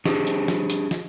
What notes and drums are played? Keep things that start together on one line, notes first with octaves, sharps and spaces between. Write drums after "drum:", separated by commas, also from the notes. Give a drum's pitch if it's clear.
D4 G4 G#4, drum: snare
drum: hi-hat
drum: snare
drum: hi-hat
drum: snare